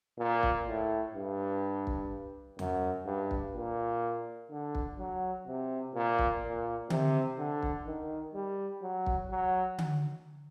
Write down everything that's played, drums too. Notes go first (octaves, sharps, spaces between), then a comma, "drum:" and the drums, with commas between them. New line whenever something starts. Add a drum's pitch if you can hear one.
A#2
drum: kick
A2
G2
drum: kick
F#2, drum: tom E2
G2
drum: kick
A#2
D3
drum: kick
F#3
C3
A#2
drum: kick
A#2
C3, drum: tom D3
D3
drum: kick
D#3
G3
F#3
drum: kick
F#3
drum: tom D3